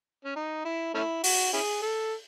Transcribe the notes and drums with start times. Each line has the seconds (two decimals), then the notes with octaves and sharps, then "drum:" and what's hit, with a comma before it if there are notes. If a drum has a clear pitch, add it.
0.25 C#4
0.36 D#4
0.65 E4
0.94 A3 C#4 E4
1.24 F#4, drum: open hi-hat
1.53 C#4 E4 G#4
1.82 A4